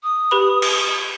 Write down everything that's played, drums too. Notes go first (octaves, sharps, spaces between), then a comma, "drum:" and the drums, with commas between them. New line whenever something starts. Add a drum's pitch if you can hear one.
D#6
G4 B4 B5
drum: cymbal